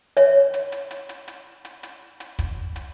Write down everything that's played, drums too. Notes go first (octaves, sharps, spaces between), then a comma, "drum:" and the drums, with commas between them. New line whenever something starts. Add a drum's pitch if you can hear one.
C#5 E5, drum: hi-hat
drum: hi-hat
drum: hi-hat
drum: hi-hat
drum: hi-hat
drum: hi-hat
drum: hi-hat
drum: hi-hat
drum: hi-hat
drum: kick, hi-hat
drum: hi-hat